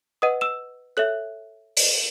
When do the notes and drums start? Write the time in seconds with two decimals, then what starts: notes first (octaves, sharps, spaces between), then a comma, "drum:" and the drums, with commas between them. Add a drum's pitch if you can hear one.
0.22 B4 D#5 F#5 D#6 D#7
0.41 E6 E7
0.97 A4 C#5 E5 F#6 F#7
1.77 drum: open hi-hat